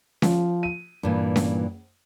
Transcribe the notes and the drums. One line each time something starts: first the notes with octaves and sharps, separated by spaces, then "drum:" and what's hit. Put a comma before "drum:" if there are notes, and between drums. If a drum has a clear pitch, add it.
F3, drum: snare C#4
D#7
G2 A#2 E3
drum: snare C#4